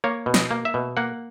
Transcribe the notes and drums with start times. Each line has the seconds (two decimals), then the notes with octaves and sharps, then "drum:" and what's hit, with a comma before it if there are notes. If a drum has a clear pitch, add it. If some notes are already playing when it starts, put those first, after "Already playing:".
0.04 A#3 C#5
0.26 B2
0.34 D#5, drum: snare
0.51 A#3
0.65 E5
0.74 B2
0.97 A#3 F#5